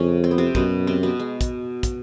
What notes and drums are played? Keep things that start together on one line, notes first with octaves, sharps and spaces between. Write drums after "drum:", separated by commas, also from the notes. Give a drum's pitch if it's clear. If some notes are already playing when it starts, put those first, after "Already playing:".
Already playing: F2 C#3 C#4
C4
B3
C3 C4
F#2 B2 B3, drum: kick
C3 C4
B2 B3
G#3
drum: kick, hi-hat
drum: kick, hi-hat